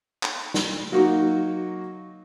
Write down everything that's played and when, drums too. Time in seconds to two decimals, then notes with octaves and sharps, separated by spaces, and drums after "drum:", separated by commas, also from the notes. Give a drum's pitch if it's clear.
0.23 drum: clap
0.54 drum: snare
0.92 F#3 A#3 D#4 F#4